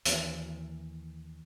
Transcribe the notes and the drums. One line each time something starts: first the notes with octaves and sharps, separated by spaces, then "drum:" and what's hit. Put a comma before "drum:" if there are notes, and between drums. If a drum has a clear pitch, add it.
D#2 E3, drum: hi-hat